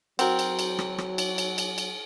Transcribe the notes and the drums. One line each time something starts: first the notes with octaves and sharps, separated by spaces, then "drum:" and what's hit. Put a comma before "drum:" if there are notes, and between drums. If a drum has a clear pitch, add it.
F#3 C4 F#4 A#4 F#5 G5, drum: cymbal
drum: cymbal
drum: cymbal
drum: rim click
drum: rim click
drum: cymbal
drum: cymbal
drum: cymbal
drum: cymbal